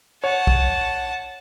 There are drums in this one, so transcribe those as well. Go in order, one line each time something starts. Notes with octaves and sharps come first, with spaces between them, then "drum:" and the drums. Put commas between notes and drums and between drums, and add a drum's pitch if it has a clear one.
C#5 F#5 A5
drum: kick A#1